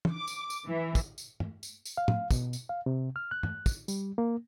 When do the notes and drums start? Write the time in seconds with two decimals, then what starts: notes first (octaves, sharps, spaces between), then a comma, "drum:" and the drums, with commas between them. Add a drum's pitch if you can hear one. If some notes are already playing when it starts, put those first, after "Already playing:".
0.05 drum: tom
0.15 D6
0.27 drum: tambourine
0.50 drum: tambourine
0.67 E3
0.95 drum: kick, tambourine
1.18 drum: tambourine
1.40 drum: tom
1.63 drum: tambourine
1.85 drum: tambourine
1.97 F5
2.08 drum: tom
2.31 B2, drum: kick, tambourine
2.53 drum: tambourine
2.69 F5
2.86 C3
3.16 F6
3.31 F#6
3.43 drum: tom
3.66 drum: kick, tambourine
3.88 G3, drum: tambourine
4.18 A#3